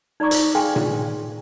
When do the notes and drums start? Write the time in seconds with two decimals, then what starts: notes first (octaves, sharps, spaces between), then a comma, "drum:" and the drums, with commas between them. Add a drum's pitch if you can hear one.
0.20 D#4 D5 A#5 C#6 D6
0.31 drum: hi-hat
0.55 G#4 B4 F5 G5 G#5 C6
0.76 drum: tom A#2